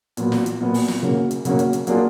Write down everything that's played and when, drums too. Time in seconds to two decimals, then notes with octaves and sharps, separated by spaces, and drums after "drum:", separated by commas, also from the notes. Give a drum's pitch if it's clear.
0.17 A#2 F#3 B3, drum: hi-hat
0.32 drum: snare
0.46 drum: hi-hat
0.61 A#2 F#3 B3
0.74 drum: open hi-hat
0.88 drum: snare
1.02 C#3 F#3 A#3 C#4
1.31 drum: hi-hat
1.45 C#3 F#3 A#3 C#4, drum: hi-hat
1.59 drum: hi-hat
1.73 drum: hi-hat
1.87 F#3 A#3 D4 F4 G#4, drum: hi-hat